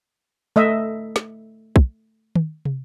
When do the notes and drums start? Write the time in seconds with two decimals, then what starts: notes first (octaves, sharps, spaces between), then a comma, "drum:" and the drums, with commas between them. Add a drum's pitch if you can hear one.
0.56 A3 D#5 E5
1.16 drum: snare
1.76 drum: kick
2.35 drum: tom D#3
2.65 drum: tom